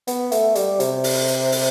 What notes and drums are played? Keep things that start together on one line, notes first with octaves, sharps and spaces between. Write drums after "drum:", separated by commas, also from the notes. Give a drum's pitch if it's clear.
B3, drum: hi-hat
A3, drum: hi-hat
G3, drum: hi-hat
C3, drum: hi-hat
drum: open hi-hat
drum: hi-hat
drum: open hi-hat